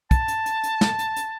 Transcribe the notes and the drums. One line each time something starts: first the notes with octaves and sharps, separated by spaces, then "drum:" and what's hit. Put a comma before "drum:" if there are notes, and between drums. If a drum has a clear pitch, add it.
A5, drum: kick, hi-hat
drum: hi-hat
drum: hi-hat
drum: hi-hat
drum: snare
drum: hi-hat
drum: hi-hat